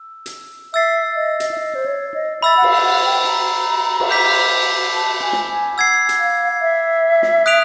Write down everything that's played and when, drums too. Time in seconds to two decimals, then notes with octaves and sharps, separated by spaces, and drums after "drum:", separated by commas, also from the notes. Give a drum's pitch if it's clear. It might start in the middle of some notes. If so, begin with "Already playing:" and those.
Already playing: E6
0.26 drum: hi-hat
0.74 E5 E6 A6 C7
1.16 D#5
1.40 drum: hi-hat
1.51 E5
1.58 D#5
1.75 C5
1.86 C#5
2.14 D#5
2.42 E5 B5 E6 A6
2.57 F#5
2.64 F5, drum: cymbal
2.84 F#5
3.05 G5
3.26 A#5
4.00 drum: cymbal
4.10 D6 G6 B6
4.94 A5
5.22 G#5
5.32 drum: snare
5.50 G#5
5.78 F#5 E6 G#6 C7
6.09 drum: hi-hat
6.20 F5
6.61 E5
7.22 drum: snare
7.46 D#6 F#6 B6 D7 F7